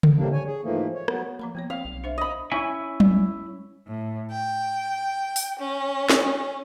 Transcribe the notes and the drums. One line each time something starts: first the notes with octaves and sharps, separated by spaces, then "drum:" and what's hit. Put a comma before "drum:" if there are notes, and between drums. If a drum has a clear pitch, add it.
drum: tom C#3
A2 C3 G3 A#3 D4
C#5 G#5
G#4
G#2 E3 F3 A3 A#3
C#5
F#3 B3, drum: rim click
F3 A#3 A#5 B5
F3 A#3 B3 C#5
C4 D5 F5
B1
D4 C5 E5
D#5 B5
C#4 E4 G#5
drum: tom F#3
A2
G5
drum: open hi-hat
C#4
drum: snare